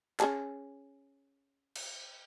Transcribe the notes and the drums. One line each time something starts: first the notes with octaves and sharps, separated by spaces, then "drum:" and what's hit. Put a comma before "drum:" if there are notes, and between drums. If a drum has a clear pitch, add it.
C#4 G#4 A5, drum: clap
drum: cymbal